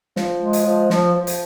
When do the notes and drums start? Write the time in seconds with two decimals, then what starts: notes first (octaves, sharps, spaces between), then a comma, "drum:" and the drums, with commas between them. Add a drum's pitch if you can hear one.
0.16 F3, drum: snare
0.41 G#3
0.53 drum: hi-hat
0.65 F3
0.90 F3, drum: snare
1.15 F3
1.27 drum: hi-hat